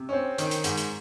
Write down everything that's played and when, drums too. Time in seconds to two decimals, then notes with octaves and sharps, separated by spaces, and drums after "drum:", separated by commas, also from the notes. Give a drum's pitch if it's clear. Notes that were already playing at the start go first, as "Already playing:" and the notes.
Already playing: C3
0.09 C4 C#4
0.38 D#3, drum: hi-hat
0.51 drum: hi-hat
0.64 G#2, drum: hi-hat
0.77 drum: hi-hat